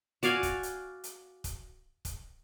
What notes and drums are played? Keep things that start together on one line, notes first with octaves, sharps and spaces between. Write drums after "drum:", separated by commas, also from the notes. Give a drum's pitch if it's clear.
F#4 D5 F5 G#5, drum: hi-hat
drum: kick, hi-hat
drum: hi-hat
drum: hi-hat
drum: kick, hi-hat
drum: kick, hi-hat